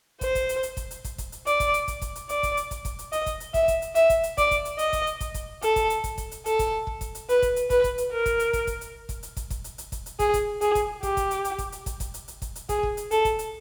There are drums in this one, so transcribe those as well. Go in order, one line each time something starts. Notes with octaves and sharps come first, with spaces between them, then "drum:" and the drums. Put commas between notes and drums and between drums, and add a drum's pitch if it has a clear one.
C5, drum: kick, hi-hat
drum: kick, hi-hat
drum: hi-hat
drum: hi-hat
drum: kick, hi-hat
drum: hi-hat
drum: kick, hi-hat
drum: kick, hi-hat
drum: hi-hat
D5, drum: hi-hat
drum: kick, hi-hat
drum: hi-hat
drum: kick, hi-hat
drum: kick, hi-hat
drum: hi-hat
D5, drum: hi-hat
drum: kick, hi-hat
drum: hi-hat
drum: kick, hi-hat
drum: kick, hi-hat
drum: hi-hat
D#5, drum: hi-hat
drum: kick, hi-hat
drum: hi-hat
E5, drum: kick, hi-hat
drum: kick, hi-hat
drum: hi-hat
E5, drum: hi-hat
drum: kick, hi-hat
drum: hi-hat
D5, drum: kick, hi-hat
drum: kick, hi-hat
drum: hi-hat
D#5, drum: hi-hat
drum: kick, hi-hat
drum: hi-hat
drum: kick, hi-hat
drum: kick, hi-hat
A4, drum: hi-hat
drum: kick, hi-hat
drum: hi-hat
drum: kick, hi-hat
drum: kick, hi-hat
drum: hi-hat
A4, drum: hi-hat
drum: kick, hi-hat
drum: kick
drum: kick, hi-hat
drum: hi-hat
B4, drum: hi-hat
drum: kick, hi-hat
drum: hi-hat
B4, drum: kick, hi-hat
drum: kick, hi-hat
drum: hi-hat
A#4
drum: kick, hi-hat
drum: hi-hat
drum: kick, hi-hat
drum: kick, hi-hat
drum: hi-hat
drum: kick, hi-hat
drum: hi-hat
drum: kick, hi-hat
drum: kick, hi-hat
drum: hi-hat
drum: hi-hat
drum: kick, hi-hat
drum: hi-hat
G#4, drum: kick, hi-hat
drum: kick, hi-hat
G#4, drum: hi-hat
drum: kick, hi-hat
G4, drum: kick, hi-hat
drum: kick, hi-hat
drum: hi-hat
drum: hi-hat
drum: kick, hi-hat
drum: hi-hat
drum: kick, hi-hat
drum: kick, hi-hat
drum: hi-hat
drum: hi-hat
drum: kick, hi-hat
drum: hi-hat
G#4, drum: kick, hi-hat
drum: kick
drum: hi-hat
A4, drum: hi-hat
drum: kick, hi-hat
drum: hi-hat